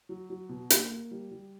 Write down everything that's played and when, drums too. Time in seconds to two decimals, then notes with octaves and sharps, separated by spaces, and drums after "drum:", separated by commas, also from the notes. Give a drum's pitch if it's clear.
0.09 F#3
0.30 F#3
0.49 B2
0.70 A#3, drum: hi-hat
0.90 A#3
1.11 G3
1.31 G3